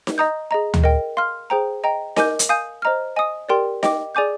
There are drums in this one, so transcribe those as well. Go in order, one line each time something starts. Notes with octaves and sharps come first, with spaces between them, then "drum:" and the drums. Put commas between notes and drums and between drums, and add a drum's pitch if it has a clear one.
drum: snare D#4
D#5 A#5 D#6 G6
G#4 D#5 A#5
drum: tom D2
A#4 D#5 G5
F5 C6 F6
G#4 C5 G5 A#5
D#5 G5 A#5
A#4 D#5 G#5 D6 G6, drum: snare D#4
drum: hi-hat
F5 G#5 D#6 G6
C5 D#5 A#5 F6
D#5 G#5 D#6
G4 A#4 D5 G5 C6
D#5 G5 D6, drum: snare D#4
G#4 D5 G#5 D6 G6